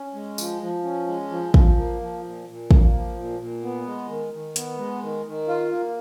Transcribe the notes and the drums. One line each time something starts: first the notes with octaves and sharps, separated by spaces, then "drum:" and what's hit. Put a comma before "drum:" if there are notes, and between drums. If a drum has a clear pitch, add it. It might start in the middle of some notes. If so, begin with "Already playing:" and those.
Already playing: C#4
G#3
F3, drum: tambourine
F3
C#4
G#3
F3
F3, drum: kick
A#3
F3
A#2
A#2
A#3, drum: kick
F3
A#2
A#2
B3
G#3
D#3
D#3
B3, drum: hi-hat
G#3
D#3
D#3
F4
A#3